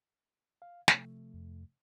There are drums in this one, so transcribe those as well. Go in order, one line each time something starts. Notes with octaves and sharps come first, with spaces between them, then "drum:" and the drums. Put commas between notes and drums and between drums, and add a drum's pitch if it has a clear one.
F5
C3 F3 A3, drum: snare
F2